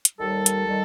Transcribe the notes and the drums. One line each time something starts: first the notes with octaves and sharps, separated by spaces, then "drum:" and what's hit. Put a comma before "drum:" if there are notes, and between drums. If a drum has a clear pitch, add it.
drum: hi-hat
D#2 D#3 G3 A4
drum: hi-hat
D#3 G3